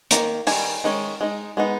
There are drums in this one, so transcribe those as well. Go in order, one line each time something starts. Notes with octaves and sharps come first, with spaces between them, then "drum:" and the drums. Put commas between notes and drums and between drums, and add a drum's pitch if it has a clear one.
D#3 A#3, drum: hi-hat
D#3 G3 G#5, drum: open hi-hat
D#3 G#3 C#4
G#3 D#4
G#3 B3 D#4